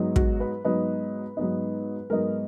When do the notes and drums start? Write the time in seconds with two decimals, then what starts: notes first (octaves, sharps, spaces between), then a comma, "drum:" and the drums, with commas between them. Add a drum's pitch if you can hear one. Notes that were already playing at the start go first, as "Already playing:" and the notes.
Already playing: G#2 F#3 B3 D#4
0.16 F#4, drum: kick
0.40 B4
0.65 G#2 F#3 B3 D#4 B4
1.37 G#2 F#3 B3 D#4
2.10 G#2 F#3 B3 D#4 A#4